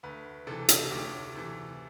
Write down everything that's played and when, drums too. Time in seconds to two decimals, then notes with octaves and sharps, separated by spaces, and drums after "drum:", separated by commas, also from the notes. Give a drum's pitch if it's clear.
0.03 D2 B4
0.47 C3 E3 A4
0.69 drum: hi-hat
0.91 D2 G4
1.35 C3 E3